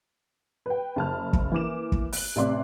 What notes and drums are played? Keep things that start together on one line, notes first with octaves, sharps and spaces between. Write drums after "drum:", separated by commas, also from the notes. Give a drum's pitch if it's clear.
B4 G5
F#1 A5 F6
drum: kick
E3 A#3 D6 E7
drum: kick
F#6 F#7, drum: open hi-hat
A1 C3 D5 E5 C6 D6